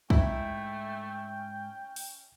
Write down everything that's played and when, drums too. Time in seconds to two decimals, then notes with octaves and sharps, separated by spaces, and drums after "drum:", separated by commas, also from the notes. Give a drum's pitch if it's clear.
0.10 G#2 A3 C#4 E4 G5, drum: kick
1.96 drum: open hi-hat